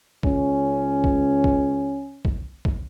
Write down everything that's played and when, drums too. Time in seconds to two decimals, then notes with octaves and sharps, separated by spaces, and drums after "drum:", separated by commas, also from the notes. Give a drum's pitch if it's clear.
0.23 C#2 C#4, drum: kick
1.04 drum: kick
1.44 drum: kick
2.25 drum: kick
2.65 drum: kick